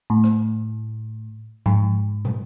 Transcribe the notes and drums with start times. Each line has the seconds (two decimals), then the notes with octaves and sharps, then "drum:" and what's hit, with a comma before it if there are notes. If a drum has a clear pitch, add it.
0.10 A2
0.24 drum: rim click
1.66 G#2, drum: tom F3
2.25 drum: tom